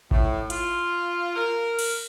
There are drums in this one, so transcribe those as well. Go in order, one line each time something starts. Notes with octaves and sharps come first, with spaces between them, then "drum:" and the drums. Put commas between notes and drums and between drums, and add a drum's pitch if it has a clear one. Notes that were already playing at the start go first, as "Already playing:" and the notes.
A2, drum: kick G#1
F4, drum: hi-hat
A#4
drum: cymbal